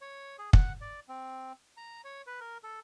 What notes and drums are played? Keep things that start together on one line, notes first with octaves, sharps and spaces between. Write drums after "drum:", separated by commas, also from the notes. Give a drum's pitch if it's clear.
C#5
G#4
F#5, drum: kick
D5
C4
A#5
C#5
B4
A#4
A4